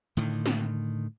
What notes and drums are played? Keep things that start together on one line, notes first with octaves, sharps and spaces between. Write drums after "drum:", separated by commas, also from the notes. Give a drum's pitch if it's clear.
A2 D3 D#3
drum: snare